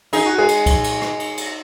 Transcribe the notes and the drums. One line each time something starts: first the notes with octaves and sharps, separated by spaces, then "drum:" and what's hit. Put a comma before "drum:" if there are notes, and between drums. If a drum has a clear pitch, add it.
D#4 G#4, drum: cymbal
F#4
G#3 G#4
drum: cymbal
drum: kick C2, cymbal
drum: cymbal
drum: rim click
drum: cymbal
drum: cymbal